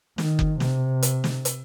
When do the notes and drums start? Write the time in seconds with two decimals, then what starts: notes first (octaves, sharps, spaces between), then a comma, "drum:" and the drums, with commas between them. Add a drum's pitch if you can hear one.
0.18 D#3, drum: snare
0.39 drum: kick F#1
0.60 C3, drum: snare
1.03 drum: hi-hat
1.24 drum: snare
1.45 drum: hi-hat